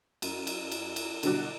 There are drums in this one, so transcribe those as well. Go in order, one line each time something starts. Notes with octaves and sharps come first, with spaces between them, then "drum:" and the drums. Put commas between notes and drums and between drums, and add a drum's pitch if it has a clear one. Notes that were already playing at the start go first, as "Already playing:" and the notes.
F#2, drum: cymbal
drum: cymbal
drum: cymbal
drum: cymbal
B2 D3 F#3 G3 D4 F#4, drum: cymbal